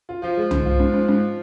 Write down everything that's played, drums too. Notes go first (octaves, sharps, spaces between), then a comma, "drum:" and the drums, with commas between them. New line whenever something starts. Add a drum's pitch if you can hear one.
F4
F3 F4
G#3
G#2, drum: tom C2
F4
G#2
G#2
G#2